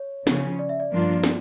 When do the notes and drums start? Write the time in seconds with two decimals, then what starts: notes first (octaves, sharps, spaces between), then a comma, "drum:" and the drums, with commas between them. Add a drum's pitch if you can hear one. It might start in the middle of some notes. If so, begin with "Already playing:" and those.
Already playing: C#5
0.27 C#3 F3 C#4, drum: snare
0.59 D5
0.69 E5
0.80 D5
0.91 G2 F3 A#3 D4 F4
1.24 drum: snare